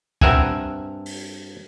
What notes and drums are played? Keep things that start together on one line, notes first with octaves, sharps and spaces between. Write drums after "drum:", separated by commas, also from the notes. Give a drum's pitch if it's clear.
G2 C4 A#4 E5 F#5 G#5, drum: kick
drum: open hi-hat